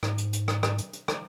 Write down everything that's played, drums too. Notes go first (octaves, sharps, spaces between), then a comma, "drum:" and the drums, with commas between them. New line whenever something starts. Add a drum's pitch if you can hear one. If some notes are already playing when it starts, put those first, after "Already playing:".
G#2, drum: rim click
drum: hi-hat
drum: hi-hat
drum: rim click
drum: rim click
drum: hi-hat
drum: hi-hat
drum: rim click